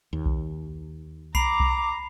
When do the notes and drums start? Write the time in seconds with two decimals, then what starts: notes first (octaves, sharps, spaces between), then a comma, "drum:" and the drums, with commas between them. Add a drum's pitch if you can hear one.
0.13 D#2
0.26 drum: kick B1
1.35 A#5 B5 D6 C7 F7, drum: kick B1
1.60 drum: kick B1